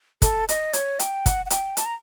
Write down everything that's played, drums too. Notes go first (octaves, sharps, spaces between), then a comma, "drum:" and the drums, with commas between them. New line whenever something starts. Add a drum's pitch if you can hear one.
A4, drum: kick, hi-hat
D#5, drum: hi-hat
C#5, drum: hi-hat
G5, drum: hi-hat
F#5, drum: kick, hi-hat
F#5
G5, drum: hi-hat
A5, drum: hi-hat
A#5